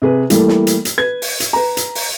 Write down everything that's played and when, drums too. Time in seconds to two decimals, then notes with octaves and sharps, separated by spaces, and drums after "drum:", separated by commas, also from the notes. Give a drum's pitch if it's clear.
0.02 C3 G#4 B4
0.30 E3 G3 A3 A#3, drum: hi-hat
0.48 drum: snare
0.67 drum: hi-hat
0.85 drum: hi-hat
0.98 B4 G#6
1.22 drum: open hi-hat
1.40 drum: hi-hat
1.53 B4 A#5
1.77 drum: hi-hat
1.95 drum: open hi-hat